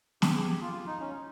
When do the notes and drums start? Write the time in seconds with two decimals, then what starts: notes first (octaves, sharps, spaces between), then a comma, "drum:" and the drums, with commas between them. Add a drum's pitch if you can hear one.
0.22 G4, drum: snare
0.35 G#4
0.48 G4
0.61 F4
0.73 F4
0.86 D#4
1.00 C#4